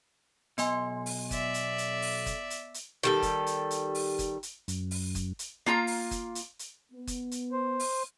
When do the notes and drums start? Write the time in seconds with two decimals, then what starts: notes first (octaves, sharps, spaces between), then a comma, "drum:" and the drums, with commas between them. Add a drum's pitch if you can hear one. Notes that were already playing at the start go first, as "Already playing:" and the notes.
0.58 B1 B3 D#5 G#5 C6, drum: hi-hat
1.06 drum: open hi-hat
1.31 D5 E5, drum: kick F#1, hi-hat
1.54 drum: hi-hat
1.78 drum: hi-hat
2.02 drum: open hi-hat
2.26 drum: kick F#1, hi-hat
2.50 drum: hi-hat
2.74 drum: hi-hat
3.03 D#3 G3 A4
3.22 drum: kick F#1, hi-hat
3.47 drum: hi-hat
3.71 drum: hi-hat
3.95 drum: open hi-hat
4.19 drum: kick F#1, hi-hat
4.43 drum: hi-hat
4.68 F#2, drum: hi-hat
4.91 drum: open hi-hat
5.15 drum: kick F#1, hi-hat
5.39 drum: hi-hat
5.66 A#3 F4 A#5
5.87 drum: open hi-hat
6.11 drum: kick F#1, hi-hat
6.35 drum: hi-hat
6.59 drum: hi-hat
6.92 B3
7.07 drum: kick F#1, hi-hat
7.31 drum: hi-hat
7.52 C5
7.80 drum: open hi-hat